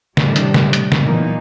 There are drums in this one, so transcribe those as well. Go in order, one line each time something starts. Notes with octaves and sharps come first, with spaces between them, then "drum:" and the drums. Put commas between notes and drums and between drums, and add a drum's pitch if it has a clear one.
A2 C3 D#3 G3 D4, drum: snare
drum: hi-hat
drum: snare
drum: hi-hat
drum: snare
A#2 E3 F#3 A#3 B3 D#4